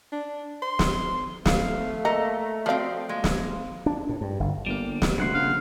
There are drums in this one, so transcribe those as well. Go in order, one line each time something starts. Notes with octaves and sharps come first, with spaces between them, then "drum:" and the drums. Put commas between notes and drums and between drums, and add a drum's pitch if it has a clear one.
D4
C6
drum: snare
A3 F5, drum: snare
A#3 A4 A#4 D#5 A#5
F3 C4 F#4 D5 F5
G#3 A#3
drum: snare
D4
A2
G2
G1
G1 G3 A#3
drum: snare
D2 C#3 F#5 C6
A#1 F5